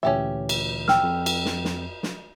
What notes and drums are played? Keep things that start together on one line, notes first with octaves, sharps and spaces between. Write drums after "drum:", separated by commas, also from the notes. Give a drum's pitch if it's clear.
D2 A#2 E3 C#4 G4 E5
drum: cymbal
G5 E6 F6, drum: snare
F2
drum: cymbal
drum: snare
drum: snare
drum: snare